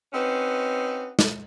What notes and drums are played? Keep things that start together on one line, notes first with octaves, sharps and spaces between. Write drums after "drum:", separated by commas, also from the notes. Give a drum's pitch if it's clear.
C4 C#4 D#4 F#4 B4
drum: snare